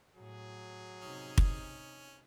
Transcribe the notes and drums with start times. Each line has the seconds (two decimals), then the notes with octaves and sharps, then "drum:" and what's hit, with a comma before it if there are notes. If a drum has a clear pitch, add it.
0.15 A2 F#3 G#4
1.02 C3 C#4 D#4
1.38 drum: kick